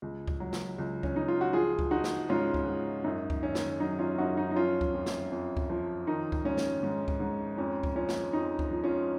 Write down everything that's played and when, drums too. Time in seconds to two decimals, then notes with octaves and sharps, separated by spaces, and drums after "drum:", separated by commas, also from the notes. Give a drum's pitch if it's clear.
0.02 C#2
0.28 drum: kick C#2
0.40 F#3
0.53 drum: snare
0.78 C#2
1.03 C#4, drum: kick C#2
1.16 C#2 D#4
1.28 F4
1.41 F#4
1.53 F3 F4 G#4
1.79 drum: kick C#2
1.91 F3 D#4 F#4
2.04 drum: snare
2.29 G#2 C#4 F4
2.54 drum: kick C#2
2.66 G#2
3.04 F#2 D#4
3.30 drum: kick C#2
3.42 D#3 C#4
3.55 drum: snare
3.80 F#3 D#4
3.99 C#4 F4
4.18 F#2 D#4 F#4
4.37 D#4
4.51 D#4
4.56 F3 C#4 F4
4.81 drum: kick C#2
4.94 F2
5.06 drum: snare
5.31 F2
5.57 drum: kick C#2
5.70 F3
6.07 D#3 D#4
6.32 drum: kick C#2
6.44 G#2 C#4
6.57 drum: snare
6.83 G#2
7.08 drum: kick C#2
7.20 G#2
7.58 F2 C#4
7.83 drum: kick C#2
7.95 F3 C#4
8.09 drum: snare
8.33 F2 D#4
8.59 drum: kick C#2
8.71 F3
8.84 C#4 F4